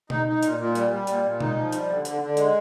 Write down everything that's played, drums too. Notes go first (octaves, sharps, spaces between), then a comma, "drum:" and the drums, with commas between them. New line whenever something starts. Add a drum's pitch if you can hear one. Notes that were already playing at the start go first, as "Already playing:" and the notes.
D#4, drum: tom B2
D#4
A#2, drum: hi-hat
A#2
G3, drum: hi-hat
G3
A#2, drum: hi-hat
A#2
D#4, drum: tom B2
F3
G3, drum: hi-hat
D3
D3, drum: hi-hat
D3
G#3, drum: hi-hat